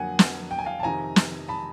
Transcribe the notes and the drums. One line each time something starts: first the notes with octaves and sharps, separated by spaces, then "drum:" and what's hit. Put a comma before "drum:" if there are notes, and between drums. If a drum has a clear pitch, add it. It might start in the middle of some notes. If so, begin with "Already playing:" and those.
Already playing: F2 D3 F#3 A#3 F#5 G#5
drum: snare
G5
G#5
F5 G5
A5
F2 C3 D#3 G#5 A#5
drum: snare
A5 B5